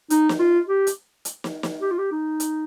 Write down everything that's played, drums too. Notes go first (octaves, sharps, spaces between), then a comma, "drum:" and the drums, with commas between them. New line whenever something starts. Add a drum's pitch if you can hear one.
D#4, drum: hi-hat
drum: snare
F4
G4
drum: hi-hat
drum: hi-hat
drum: snare
drum: snare
G4
F4
G4
D#4
drum: hi-hat